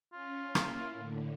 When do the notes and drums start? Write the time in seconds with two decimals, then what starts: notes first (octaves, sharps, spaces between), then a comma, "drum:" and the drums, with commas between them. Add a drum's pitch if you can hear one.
0.13 C#4 F4
0.55 A#3 C#4 E4, drum: rim click
0.93 A2 D3